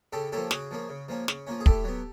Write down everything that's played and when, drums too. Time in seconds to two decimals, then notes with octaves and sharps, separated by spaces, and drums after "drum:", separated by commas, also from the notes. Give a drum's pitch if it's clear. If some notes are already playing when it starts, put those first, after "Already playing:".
0.13 C#3 G4 A4
0.32 F3 A#3 C#4 G4 A4
0.51 C#3 F#4 G#4, drum: snare
0.71 F3 A#3 C#4
0.89 C#3
1.08 F3 A#3 C#4
1.28 C#3, drum: snare
1.47 F3 A#3 C#4
1.60 G#4
1.66 A2 G4 A4, drum: kick
1.84 F#3 B3